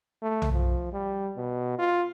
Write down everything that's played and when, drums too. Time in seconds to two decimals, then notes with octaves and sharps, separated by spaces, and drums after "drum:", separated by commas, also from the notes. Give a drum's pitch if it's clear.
0.22 A3
0.42 drum: tom
0.53 F3
0.93 G3
1.37 B2
1.79 F4